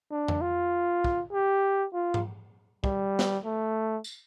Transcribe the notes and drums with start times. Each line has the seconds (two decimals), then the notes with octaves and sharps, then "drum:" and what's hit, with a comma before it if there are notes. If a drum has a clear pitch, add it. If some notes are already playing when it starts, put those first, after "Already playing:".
0.11 D4
0.28 drum: tom F2
0.41 F4
1.04 drum: kick
1.33 G4
1.94 F4
2.14 drum: tom G#2
2.84 G3, drum: kick
3.19 drum: snare
3.44 A3
4.04 drum: tambourine